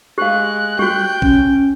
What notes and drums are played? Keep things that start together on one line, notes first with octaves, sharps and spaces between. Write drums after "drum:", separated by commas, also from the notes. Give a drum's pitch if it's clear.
G#3 G4 F5 F#6
F#4 G4 G5, drum: tom F#3
C#4, drum: kick A#1